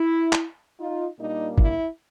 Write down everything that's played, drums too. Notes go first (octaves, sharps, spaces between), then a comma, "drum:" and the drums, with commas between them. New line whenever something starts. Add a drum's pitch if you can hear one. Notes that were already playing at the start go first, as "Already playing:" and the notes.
Already playing: E4
drum: clap
D#4 F4
A#2 G3 A#3 D4 D#4
E4, drum: kick